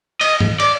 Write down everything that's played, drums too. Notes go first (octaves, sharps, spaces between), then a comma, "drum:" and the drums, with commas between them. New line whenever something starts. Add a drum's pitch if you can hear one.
D#5, drum: cymbal
drum: tom G#2
D5, drum: cymbal